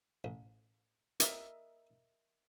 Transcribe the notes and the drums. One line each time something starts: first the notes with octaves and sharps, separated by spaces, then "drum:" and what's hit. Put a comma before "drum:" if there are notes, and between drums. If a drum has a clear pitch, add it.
A1
A#4 D#5 E5, drum: hi-hat